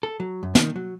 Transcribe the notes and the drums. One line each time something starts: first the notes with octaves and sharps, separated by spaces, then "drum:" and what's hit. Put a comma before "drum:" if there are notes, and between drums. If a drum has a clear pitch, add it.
A4
F#3
F#2
D#3, drum: snare
F#3